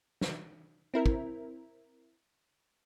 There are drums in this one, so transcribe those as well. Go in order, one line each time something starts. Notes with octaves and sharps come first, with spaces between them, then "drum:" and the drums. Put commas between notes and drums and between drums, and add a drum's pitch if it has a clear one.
drum: snare
C4 E4 A#4
drum: kick